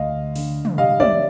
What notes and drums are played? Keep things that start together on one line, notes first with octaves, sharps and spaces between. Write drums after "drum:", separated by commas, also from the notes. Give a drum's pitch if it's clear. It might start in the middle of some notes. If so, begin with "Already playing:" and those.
Already playing: D2 D#5 F5
D3, drum: open hi-hat
drum: tom
G3 D#5 F5
D5 E5, drum: tom